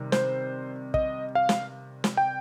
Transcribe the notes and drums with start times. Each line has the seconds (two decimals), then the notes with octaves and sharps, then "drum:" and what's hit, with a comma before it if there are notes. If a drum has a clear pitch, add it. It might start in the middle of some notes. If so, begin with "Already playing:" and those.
Already playing: C3 D#3 G3
0.12 C5, drum: snare
0.94 D#5, drum: kick
1.35 F5
1.49 drum: snare
2.04 drum: snare
2.17 G5